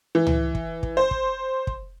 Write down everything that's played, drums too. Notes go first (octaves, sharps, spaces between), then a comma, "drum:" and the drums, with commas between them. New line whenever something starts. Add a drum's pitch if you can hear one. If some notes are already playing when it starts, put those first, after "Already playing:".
E3
drum: tom C#2
drum: kick
drum: kick
C5
drum: kick
drum: kick